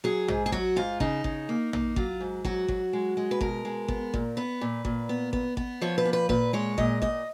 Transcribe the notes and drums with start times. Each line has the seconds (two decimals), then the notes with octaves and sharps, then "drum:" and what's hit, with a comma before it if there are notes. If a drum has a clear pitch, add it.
0.04 F#3 G#4
0.28 G#2, drum: tom A#1
0.46 G#4
0.52 F#3 F#4, drum: kick G#1
0.76 G#2 F4
1.00 C#3 D#4, drum: kick G#1
1.24 C#3, drum: kick G#1
1.49 A#3
1.73 A#3, drum: tom A#1
1.96 F#3 F4, drum: kick G#1
2.20 G#2
2.45 F#3 F#4, drum: kick G#1
2.68 F#3, drum: kick G#1
2.93 G#3
3.17 G#3
3.31 B4
3.41 B2 A#4, drum: kick G#1
3.65 G#3
3.88 B3, drum: kick G#1
4.14 A#2, drum: kick G#1
4.37 B3 B4
4.61 A#2
4.85 A#2, drum: kick G#1
5.09 B3
5.33 B3, drum: kick G#1
5.57 B3, drum: kick G#1
5.81 F3 C#5
5.98 B4
6.05 A#2
6.13 B4
6.29 A#2 B4, drum: kick G#1
6.53 G#3 C#5
6.78 A#2 D#5, drum: kick G#1
7.02 A#2 D#5, drum: kick G#1